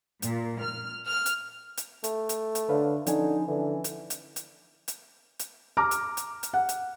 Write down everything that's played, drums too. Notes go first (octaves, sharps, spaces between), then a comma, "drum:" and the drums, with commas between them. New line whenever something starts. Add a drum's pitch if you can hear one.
A#2, drum: hi-hat
F6
F6
drum: hi-hat
drum: hi-hat
A3, drum: hi-hat
drum: hi-hat
drum: hi-hat
D3 B4 C#5 F5
D3 F3 C#4 D#4 G#5, drum: hi-hat
D3 E3
drum: hi-hat
drum: hi-hat
drum: hi-hat
drum: hi-hat
drum: hi-hat
A#5 D6 F6
drum: hi-hat
drum: hi-hat
drum: hi-hat
F#5
drum: hi-hat